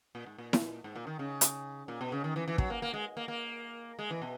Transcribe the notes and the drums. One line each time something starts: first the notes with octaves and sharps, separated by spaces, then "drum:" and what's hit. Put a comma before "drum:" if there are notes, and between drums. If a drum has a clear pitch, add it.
A#2
G#2
A#2
drum: snare E4
G#2
A#2
D#3
C#3
drum: hi-hat
A#2
B2
C#3
D#3
E3
E3
F#3, drum: kick
A#3
A#3
G#3
A#3
A#3
G#3
E3
B2